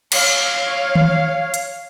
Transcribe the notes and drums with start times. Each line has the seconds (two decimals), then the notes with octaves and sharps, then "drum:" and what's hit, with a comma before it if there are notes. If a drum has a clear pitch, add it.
0.12 C#5 F5, drum: cymbal
0.95 drum: tom D#3
1.54 drum: hi-hat